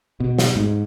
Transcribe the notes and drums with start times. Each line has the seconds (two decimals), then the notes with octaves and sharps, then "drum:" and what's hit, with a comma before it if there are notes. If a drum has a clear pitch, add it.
0.20 B2
0.39 drum: snare
0.56 G#2